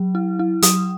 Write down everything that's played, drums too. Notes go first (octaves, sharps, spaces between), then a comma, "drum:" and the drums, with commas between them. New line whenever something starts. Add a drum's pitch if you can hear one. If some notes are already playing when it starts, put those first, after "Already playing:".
Already playing: F#3
E4
E4
F#3 D#6, drum: hi-hat